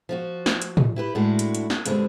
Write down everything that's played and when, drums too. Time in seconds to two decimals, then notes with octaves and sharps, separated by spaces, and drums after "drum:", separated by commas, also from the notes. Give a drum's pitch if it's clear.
0.09 F3 F4 F#4
0.46 drum: snare
0.62 drum: hi-hat
0.77 drum: tom A2
0.96 E4 G4 B4
1.15 A2 G#3 D4 E4 F#4
1.39 drum: hi-hat
1.55 drum: hi-hat
1.70 drum: snare
1.86 G2 B2 D3 G3 G#3 C4, drum: hi-hat